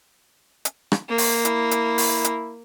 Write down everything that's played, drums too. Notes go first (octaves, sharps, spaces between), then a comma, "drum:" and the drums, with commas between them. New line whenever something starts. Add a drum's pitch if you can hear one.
drum: hi-hat
drum: rim click
A#3
drum: open hi-hat
E4, drum: hi-hat
drum: hi-hat
drum: open hi-hat
drum: hi-hat